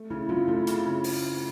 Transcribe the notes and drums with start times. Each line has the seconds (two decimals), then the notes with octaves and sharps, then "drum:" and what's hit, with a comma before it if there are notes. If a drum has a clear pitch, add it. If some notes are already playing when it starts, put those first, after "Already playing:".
Already playing: A3
0.10 C#3 E4
0.29 F#2 F4
0.48 A3 E4
0.67 C#3, drum: hi-hat
0.85 C#3
1.04 drum: open hi-hat